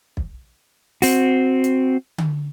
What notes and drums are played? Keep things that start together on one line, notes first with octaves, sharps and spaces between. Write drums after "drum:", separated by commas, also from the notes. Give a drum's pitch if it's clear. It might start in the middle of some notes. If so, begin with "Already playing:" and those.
drum: kick
C4 F#4, drum: open hi-hat
drum: hi-hat
drum: tom D3